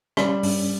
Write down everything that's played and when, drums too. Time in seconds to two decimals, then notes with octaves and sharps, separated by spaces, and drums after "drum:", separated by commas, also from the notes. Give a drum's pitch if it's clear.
0.17 G3 C#4, drum: rim click
0.43 G2, drum: open hi-hat